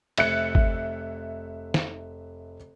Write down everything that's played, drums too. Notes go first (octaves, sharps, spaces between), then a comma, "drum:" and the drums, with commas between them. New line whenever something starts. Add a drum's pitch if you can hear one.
F1 E5 F#6 C#7, drum: cymbal
drum: kick
drum: snare